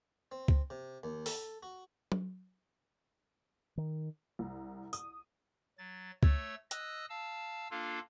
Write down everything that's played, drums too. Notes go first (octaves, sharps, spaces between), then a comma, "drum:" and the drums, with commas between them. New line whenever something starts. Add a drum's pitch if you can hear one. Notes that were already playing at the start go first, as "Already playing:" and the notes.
C4
drum: kick C#2
C3
D#2
A4, drum: open hi-hat
F#4
drum: tom F#3
D#3
C2
D#6, drum: tambourine
F#3 A6
A3 C#5 E6 A6, drum: kick C#2
D#5 D#6 E6 F#6, drum: hi-hat
F5 A5 E6
A#3 D4 F4 A4 F5